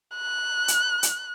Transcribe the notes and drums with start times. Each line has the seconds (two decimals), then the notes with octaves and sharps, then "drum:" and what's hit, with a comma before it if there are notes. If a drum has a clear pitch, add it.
0.16 F#6
0.68 drum: hi-hat
1.03 drum: hi-hat